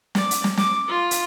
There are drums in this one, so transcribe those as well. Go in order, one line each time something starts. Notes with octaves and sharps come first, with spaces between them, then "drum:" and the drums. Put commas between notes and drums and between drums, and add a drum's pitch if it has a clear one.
D5, drum: snare
drum: hi-hat
drum: snare
D6, drum: snare
F4
drum: hi-hat